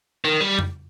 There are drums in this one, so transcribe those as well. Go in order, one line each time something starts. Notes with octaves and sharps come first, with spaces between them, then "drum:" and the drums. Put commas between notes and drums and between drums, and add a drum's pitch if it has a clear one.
D#3
G3
drum: tom F2